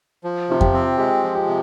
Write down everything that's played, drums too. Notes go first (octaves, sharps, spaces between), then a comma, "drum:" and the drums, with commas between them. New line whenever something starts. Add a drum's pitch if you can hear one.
F3
C3 F4
G4, drum: kick F2
C4
G#3 G4
F3
G4
C3